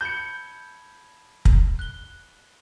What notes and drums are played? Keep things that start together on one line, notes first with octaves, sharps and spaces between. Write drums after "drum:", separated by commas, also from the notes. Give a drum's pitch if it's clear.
A5 B5 G6 G#6 C#7
drum: kick
F#6 G7